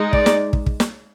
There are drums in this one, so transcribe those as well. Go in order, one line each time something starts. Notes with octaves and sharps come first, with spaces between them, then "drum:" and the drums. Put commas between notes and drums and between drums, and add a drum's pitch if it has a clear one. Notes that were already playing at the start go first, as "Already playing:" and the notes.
Already playing: G#3 D#4
D5, drum: kick
drum: snare
drum: kick
drum: kick
drum: snare